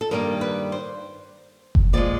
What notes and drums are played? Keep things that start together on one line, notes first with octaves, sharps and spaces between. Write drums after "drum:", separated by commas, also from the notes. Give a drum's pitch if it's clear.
A4
G2 D#3 G3 A#3 A#4
B4
C5
drum: kick F#1
A#2 F3 G#3 D5